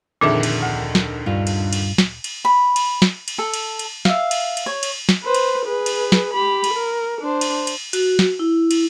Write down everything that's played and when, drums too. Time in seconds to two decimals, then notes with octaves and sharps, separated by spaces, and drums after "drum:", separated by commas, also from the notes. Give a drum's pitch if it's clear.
0.21 F2 A#2 D3 D#3 G#4 E5
0.43 drum: cymbal
0.63 D2
0.95 drum: snare
1.26 G2 F4
1.47 drum: cymbal
1.73 drum: cymbal
1.98 drum: snare
2.24 drum: cymbal
2.45 B5
2.76 drum: cymbal
3.02 drum: snare
3.28 drum: cymbal
3.38 A4
3.54 drum: cymbal
3.79 drum: cymbal
4.05 E5 F5, drum: snare
4.31 drum: cymbal
4.57 drum: cymbal
4.66 C#5
4.83 drum: cymbal
5.09 drum: snare
5.24 B4 C5
5.35 drum: cymbal
5.65 G#4 B4
5.86 drum: cymbal
6.12 drum: snare
6.34 G4 B5
6.64 drum: cymbal
6.73 A#4
7.21 D4 C5
7.41 drum: cymbal
7.67 drum: cymbal
7.93 F#4, drum: cymbal
8.19 drum: snare
8.39 E4
8.71 drum: cymbal